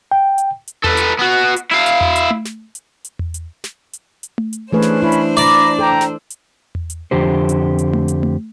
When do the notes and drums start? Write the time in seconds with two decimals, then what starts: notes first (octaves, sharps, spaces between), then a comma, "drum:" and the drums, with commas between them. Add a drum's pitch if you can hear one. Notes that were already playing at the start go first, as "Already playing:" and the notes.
0.11 G5
0.38 drum: hi-hat
0.68 drum: hi-hat
0.84 A4 B4, drum: tom E2
0.97 drum: hi-hat
1.19 B3 F#4
1.56 drum: hi-hat
1.71 E4 F5
1.86 drum: hi-hat
2.01 drum: tom E2
2.16 drum: hi-hat
2.30 drum: tom A3
2.45 drum: snare
2.75 drum: hi-hat
3.05 drum: hi-hat
3.19 drum: tom E2
3.34 drum: hi-hat
3.64 drum: snare
3.93 drum: hi-hat
4.23 drum: hi-hat
4.38 drum: tom A3
4.53 drum: hi-hat
4.72 E3 A3 C#4 D4 G#4 B4 C5
4.82 drum: snare
5.02 C#4 E4 B5
5.12 drum: hi-hat
5.37 D5 A#5 B5
5.79 A4 G5 A#5
6.01 drum: snare
6.30 drum: hi-hat
6.75 drum: tom E2
6.90 drum: hi-hat
7.11 F2 D3 G4 C5
7.49 drum: hi-hat
7.79 drum: hi-hat
7.93 drum: tom A3
8.08 drum: hi-hat
8.23 drum: tom A3